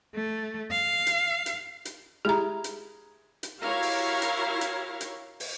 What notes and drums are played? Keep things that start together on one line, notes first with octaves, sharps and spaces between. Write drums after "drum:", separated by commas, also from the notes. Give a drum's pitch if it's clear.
A3
F5
drum: hi-hat
drum: hi-hat
drum: hi-hat
G#3 E4 G4 A#5
drum: hi-hat
drum: hi-hat
E4 F#4 G4 A#4 C#5 F5
drum: open hi-hat
drum: hi-hat
drum: hi-hat
drum: hi-hat
drum: open hi-hat